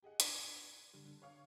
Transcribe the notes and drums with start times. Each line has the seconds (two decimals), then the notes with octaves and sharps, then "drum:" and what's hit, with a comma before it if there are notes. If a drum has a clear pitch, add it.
0.03 G4 G#4 D#5 F#5
0.20 D4 D5 G#6, drum: hi-hat
0.43 B6 C#7 D#7
0.93 D3 G3
1.05 D3
1.22 C#5 F5 C#6